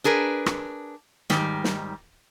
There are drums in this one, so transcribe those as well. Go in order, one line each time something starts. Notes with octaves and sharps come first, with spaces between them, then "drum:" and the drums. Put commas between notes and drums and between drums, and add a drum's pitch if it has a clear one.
D4 G#4 A#4 B4
drum: rim click
G#2 D#3 G3, drum: snare
drum: snare